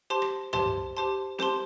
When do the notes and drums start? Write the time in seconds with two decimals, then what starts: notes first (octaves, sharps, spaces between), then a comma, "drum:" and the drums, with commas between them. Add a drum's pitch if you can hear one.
0.10 G4 C5 A5 C6
0.22 drum: rim click
0.53 G4 C5 A5 C6, drum: tom
0.97 G4 C5 A5 C6
1.39 G4 C5 A5 C6, drum: snare C4